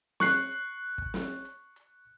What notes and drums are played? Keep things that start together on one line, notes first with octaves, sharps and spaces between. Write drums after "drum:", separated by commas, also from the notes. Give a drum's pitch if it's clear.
C#6 F#6 C7, drum: snare
drum: hi-hat
drum: kick
drum: snare
drum: hi-hat
drum: hi-hat